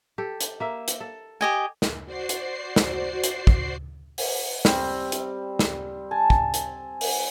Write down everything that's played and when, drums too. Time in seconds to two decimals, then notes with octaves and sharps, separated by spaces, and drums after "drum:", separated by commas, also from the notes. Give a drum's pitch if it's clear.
0.18 G4 A4
0.41 drum: hi-hat
0.60 A#3 E5
0.88 drum: hi-hat
1.00 A4
1.41 G4 D#5 G#5
1.82 drum: snare
2.06 F#4 C5 D5 C7
2.29 drum: hi-hat
2.76 drum: snare
3.24 drum: hi-hat
3.47 drum: kick
4.18 drum: open hi-hat
4.65 G3 C4, drum: snare
5.12 drum: hi-hat
5.59 drum: snare
6.11 G#5 A5
6.30 drum: kick
6.54 drum: hi-hat
7.01 drum: open hi-hat